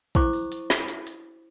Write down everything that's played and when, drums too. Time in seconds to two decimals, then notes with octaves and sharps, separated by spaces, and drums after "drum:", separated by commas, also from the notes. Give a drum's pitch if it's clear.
0.15 E4 C5 C#6 D6, drum: kick, hi-hat
0.33 drum: open hi-hat
0.52 drum: hi-hat
0.70 drum: snare
0.88 drum: hi-hat
1.07 drum: hi-hat